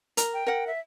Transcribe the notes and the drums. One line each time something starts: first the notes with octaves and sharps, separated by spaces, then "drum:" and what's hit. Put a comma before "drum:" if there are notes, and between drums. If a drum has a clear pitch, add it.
A#4, drum: hi-hat
G5
A#4 F#5
E5